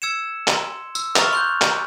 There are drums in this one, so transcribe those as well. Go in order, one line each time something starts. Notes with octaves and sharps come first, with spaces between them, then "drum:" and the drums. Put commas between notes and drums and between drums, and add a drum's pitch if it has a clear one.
E6 G#6 C#7 E7
C6, drum: clap
E6, drum: tambourine
A#5 C#6 D6 F6 A6 F7, drum: clap
C6 F#6 G6
drum: clap